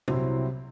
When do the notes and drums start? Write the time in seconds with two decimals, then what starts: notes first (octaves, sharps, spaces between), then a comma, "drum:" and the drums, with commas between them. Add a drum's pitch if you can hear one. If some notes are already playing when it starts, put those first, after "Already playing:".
0.08 C2 C3 F#3 C4 E4, drum: tom